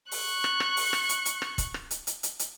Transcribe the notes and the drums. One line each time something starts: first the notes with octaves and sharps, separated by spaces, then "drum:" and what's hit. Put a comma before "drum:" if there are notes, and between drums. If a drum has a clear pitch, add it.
C#6 F#6, drum: open hi-hat
drum: rim click
drum: rim click
drum: open hi-hat
drum: rim click
drum: hi-hat
drum: hi-hat
drum: rim click
drum: kick, hi-hat
drum: rim click
drum: hi-hat
drum: hi-hat
drum: hi-hat
drum: hi-hat